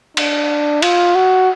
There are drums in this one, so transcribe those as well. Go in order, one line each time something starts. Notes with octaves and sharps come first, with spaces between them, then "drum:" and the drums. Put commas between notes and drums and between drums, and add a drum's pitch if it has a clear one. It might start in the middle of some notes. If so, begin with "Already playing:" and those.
D4, drum: cymbal
F4, drum: cymbal
F#4